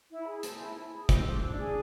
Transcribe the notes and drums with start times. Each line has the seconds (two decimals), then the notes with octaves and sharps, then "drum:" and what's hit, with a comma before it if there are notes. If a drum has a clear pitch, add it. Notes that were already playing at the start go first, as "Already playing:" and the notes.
0.10 E4
0.21 B5
0.27 G#4
0.43 C5 A5, drum: hi-hat
0.59 E4 G#5
0.76 E4 A5
0.92 G#4 B5
1.09 C5 E6, drum: kick, hi-hat
1.26 D4
1.42 D4
1.58 G#4